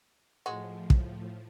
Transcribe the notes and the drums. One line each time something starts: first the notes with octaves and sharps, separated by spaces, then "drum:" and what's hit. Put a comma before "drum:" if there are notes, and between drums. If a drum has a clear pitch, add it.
A2 F3 G#3 F#4
drum: kick